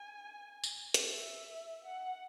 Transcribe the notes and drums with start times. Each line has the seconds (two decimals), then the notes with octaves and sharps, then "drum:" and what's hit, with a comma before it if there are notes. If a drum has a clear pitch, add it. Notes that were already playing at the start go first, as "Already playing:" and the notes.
Already playing: G#5
0.64 drum: tambourine
0.94 drum: hi-hat
1.11 E5
1.84 F#5